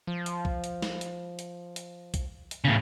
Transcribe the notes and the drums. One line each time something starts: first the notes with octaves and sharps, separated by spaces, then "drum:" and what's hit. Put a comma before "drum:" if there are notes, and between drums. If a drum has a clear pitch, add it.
F3
drum: hi-hat
drum: kick B1
drum: hi-hat
drum: snare
drum: hi-hat
drum: hi-hat
drum: hi-hat
drum: kick B1, hi-hat
drum: hi-hat
A2 C#3